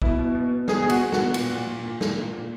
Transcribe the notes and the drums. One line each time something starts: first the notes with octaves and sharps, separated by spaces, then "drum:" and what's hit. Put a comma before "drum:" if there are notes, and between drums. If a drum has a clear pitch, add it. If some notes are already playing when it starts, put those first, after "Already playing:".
B2 E4, drum: kick A1
B2
B2
B2
B2 G#4, drum: snare
B2 G#4
F#4, drum: cymbal
B2
B2 F#4, drum: snare
A#2, drum: cymbal
A#2
A#2
A#2
A#2, drum: snare
A#2
A#2